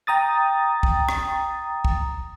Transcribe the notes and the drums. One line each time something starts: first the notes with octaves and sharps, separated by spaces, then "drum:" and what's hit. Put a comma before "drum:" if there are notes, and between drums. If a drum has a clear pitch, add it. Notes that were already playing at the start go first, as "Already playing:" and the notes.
G5 A#5 D#6 A6
drum: kick
drum: rim click
drum: kick